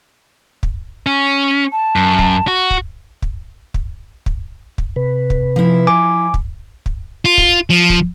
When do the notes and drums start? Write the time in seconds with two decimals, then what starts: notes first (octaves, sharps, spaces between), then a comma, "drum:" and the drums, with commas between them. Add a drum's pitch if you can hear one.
0.63 drum: kick
1.06 C#4
1.72 A5
1.96 F#2
2.19 drum: kick
2.48 F#4
2.70 drum: kick
3.22 drum: kick
3.74 drum: kick
4.26 drum: kick
4.78 drum: kick
4.96 C3 B4
5.30 drum: kick
5.56 F3 E4
5.87 G#5 D6
6.34 drum: kick
6.86 drum: kick
7.25 F4
7.38 drum: kick
7.70 F3
7.90 drum: kick